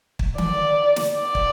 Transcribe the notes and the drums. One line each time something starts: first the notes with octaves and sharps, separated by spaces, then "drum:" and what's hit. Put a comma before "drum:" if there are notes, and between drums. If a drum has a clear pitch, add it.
drum: kick
D5, drum: tom D#3
drum: snare
D5
drum: kick